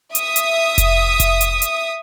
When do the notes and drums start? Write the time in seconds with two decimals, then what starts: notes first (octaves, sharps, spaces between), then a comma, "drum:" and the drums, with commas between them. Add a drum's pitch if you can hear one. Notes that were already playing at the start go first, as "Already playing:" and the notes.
0.15 E5 D#6, drum: hi-hat
0.36 drum: hi-hat
0.78 drum: kick F1, hi-hat
1.20 drum: kick F1, hi-hat
1.41 drum: hi-hat
1.62 drum: hi-hat